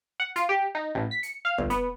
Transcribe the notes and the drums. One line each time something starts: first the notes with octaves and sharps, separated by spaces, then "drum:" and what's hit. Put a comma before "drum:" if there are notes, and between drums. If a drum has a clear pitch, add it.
F#5
F4, drum: hi-hat
G4
D#4
A1
B6
C#7, drum: hi-hat
F5
G1, drum: kick
B3, drum: hi-hat